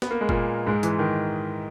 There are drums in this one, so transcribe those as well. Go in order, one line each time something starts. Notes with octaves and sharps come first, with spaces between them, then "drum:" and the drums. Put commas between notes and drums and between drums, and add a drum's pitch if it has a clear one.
B3, drum: snare
A#3
G#3
A#2 A#3, drum: kick F#1
G#2 G#3
E3, drum: hi-hat
D#3